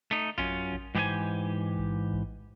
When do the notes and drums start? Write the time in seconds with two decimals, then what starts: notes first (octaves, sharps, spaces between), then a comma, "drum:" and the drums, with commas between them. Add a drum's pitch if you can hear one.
0.11 A3 D#4
0.38 F#2 C#4 F4, drum: kick A1
0.73 drum: kick A1
0.95 G#2 E3 G4 G#4 C5 G#5
1.77 drum: kick A1
2.12 drum: kick A1